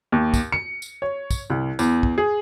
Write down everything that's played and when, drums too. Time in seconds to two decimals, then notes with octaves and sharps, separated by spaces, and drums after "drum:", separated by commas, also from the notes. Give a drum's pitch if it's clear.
0.12 D#2
0.34 drum: kick, tambourine
0.52 C#7
0.82 drum: tambourine
1.02 C#5
1.31 drum: kick, tambourine
1.50 C2
1.79 E2, drum: tambourine
2.03 drum: kick
2.18 G#4